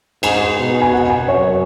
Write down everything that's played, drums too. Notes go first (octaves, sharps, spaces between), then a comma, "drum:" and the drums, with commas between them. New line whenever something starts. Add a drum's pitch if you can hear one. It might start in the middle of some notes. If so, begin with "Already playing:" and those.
G#2 G#5, drum: cymbal
B2
G#5
F#5
G#5
F#2 C#5